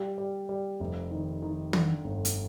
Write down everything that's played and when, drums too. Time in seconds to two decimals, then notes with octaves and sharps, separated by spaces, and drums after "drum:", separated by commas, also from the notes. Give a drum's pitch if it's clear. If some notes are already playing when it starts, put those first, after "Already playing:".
Already playing: G3
0.18 G3
0.49 G3
0.80 F1
1.11 D#3
1.42 D#3
1.73 D3, drum: tom
2.04 G1
2.25 drum: hi-hat